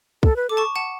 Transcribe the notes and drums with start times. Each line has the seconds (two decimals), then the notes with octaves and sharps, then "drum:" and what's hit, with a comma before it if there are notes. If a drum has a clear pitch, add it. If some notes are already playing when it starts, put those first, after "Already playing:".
0.23 A4, drum: kick
0.36 B4
0.49 A4 D6
0.57 A5 C#6
0.76 F#5 A5